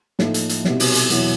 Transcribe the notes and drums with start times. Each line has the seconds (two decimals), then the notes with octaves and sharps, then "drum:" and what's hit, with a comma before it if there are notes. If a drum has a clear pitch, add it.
0.19 A2 F3 A#3 D#4, drum: snare
0.34 drum: hi-hat
0.49 drum: hi-hat
0.64 C2 B2 G3 B3 D#4, drum: snare
0.80 drum: open hi-hat
0.95 drum: hi-hat
1.10 E2 B2 F#3 B3 E4, drum: hi-hat